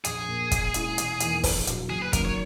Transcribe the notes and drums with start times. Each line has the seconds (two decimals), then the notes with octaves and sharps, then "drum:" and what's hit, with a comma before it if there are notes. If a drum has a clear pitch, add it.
0.05 A#1 G#4, drum: hi-hat
0.28 A#2 A#3
0.51 A#2, drum: kick, hi-hat
0.74 G#3 C#4 E4, drum: hi-hat
0.98 E1, drum: hi-hat
1.20 E2 D#3 A#3 E4, drum: hi-hat
1.43 A#1, drum: kick, open hi-hat
1.67 A#2 F#3 A#3, drum: hi-hat
1.90 F#1 G#4
2.02 B4
2.13 F#2 D#3 A#3 A#4, drum: kick, hi-hat
2.25 C#5